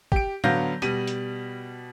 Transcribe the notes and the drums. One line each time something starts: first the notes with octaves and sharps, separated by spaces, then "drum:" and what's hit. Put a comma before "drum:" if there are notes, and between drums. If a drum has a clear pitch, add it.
G4 D7, drum: kick
D3 F#3 B3 F5 G6 A#6, drum: tom A2
B2 G3 D#7, drum: hi-hat
drum: hi-hat